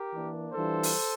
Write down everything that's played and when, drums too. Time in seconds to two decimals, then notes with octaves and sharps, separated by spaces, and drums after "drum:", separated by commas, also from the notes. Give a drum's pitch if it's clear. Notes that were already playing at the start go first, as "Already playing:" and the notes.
Already playing: G4 A#4
0.12 E3 A#3 D4
0.53 E3 G3 D4 F4 A4 C5
0.83 drum: open hi-hat